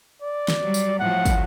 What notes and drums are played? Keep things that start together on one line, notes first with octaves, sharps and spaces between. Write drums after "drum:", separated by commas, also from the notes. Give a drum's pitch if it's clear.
D5
drum: snare
F#3 G3
drum: tambourine
A2 F3 F#3 F#5
drum: kick, tambourine